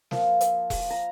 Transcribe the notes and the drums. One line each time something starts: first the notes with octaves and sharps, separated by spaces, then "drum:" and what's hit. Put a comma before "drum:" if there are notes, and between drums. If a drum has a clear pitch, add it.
F3 A#3 F4, drum: snare
drum: hi-hat
drum: kick E1, open hi-hat
A#5